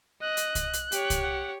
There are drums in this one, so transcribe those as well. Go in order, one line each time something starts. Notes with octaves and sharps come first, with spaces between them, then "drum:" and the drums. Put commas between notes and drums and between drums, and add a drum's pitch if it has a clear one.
D#5 F#6
drum: hi-hat
drum: kick C2, hi-hat
drum: hi-hat
G4 C#5, drum: hi-hat
drum: kick C2, hi-hat
F#5